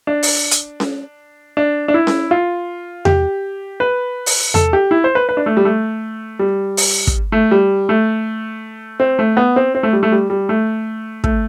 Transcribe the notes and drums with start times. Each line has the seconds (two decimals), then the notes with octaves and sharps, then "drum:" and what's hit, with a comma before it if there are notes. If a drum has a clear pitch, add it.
0.07 D4
0.23 drum: open hi-hat
0.51 drum: hi-hat
0.80 drum: snare C#4
1.57 D4
1.88 D4
1.94 E4
2.07 drum: snare C#4
2.31 F4
3.05 G4, drum: tom E2
3.80 B4
4.26 drum: open hi-hat
4.54 A4, drum: tom E2
4.73 G4
4.91 E4
5.04 C5
5.15 B4
5.29 B4
5.37 D4
5.46 A3
5.57 G3
5.65 A3
6.39 G3
6.77 drum: open hi-hat
7.07 drum: kick
7.32 A3
7.51 G3
7.89 A3
9.00 C4
9.19 A3
9.37 B3
9.56 C4
9.75 C4
9.83 A3
9.93 G3
10.03 A3
10.12 G3
10.30 G3
10.49 A3
11.24 A3, drum: kick